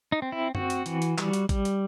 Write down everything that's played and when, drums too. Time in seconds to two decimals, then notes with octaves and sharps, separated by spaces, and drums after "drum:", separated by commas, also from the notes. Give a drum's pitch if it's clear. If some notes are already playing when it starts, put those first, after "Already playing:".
0.12 D#4
0.22 C4
0.32 E4
0.55 C4 F#4, drum: tom F#2
0.70 drum: hi-hat
0.86 E3, drum: hi-hat
1.02 drum: hi-hat
1.18 G3, drum: clap
1.33 drum: hi-hat
1.49 G3, drum: kick A1, hi-hat
1.65 drum: hi-hat